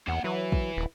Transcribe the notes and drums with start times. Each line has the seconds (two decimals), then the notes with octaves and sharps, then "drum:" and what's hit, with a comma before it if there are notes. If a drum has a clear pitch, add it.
0.08 E2 A#3 F#5
0.24 F#3 E4 B4
0.52 drum: kick
0.77 D#1